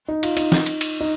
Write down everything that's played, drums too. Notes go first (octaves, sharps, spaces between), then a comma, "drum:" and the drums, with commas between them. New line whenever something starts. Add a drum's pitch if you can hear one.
D#4
F4, drum: cymbal
D#4, drum: cymbal
drum: snare
drum: cymbal
drum: cymbal
D#4